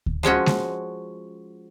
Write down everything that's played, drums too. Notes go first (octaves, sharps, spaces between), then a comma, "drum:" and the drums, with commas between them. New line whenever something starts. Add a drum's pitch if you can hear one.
drum: kick D2
F3 G#3 C#4 F#4
drum: snare G#3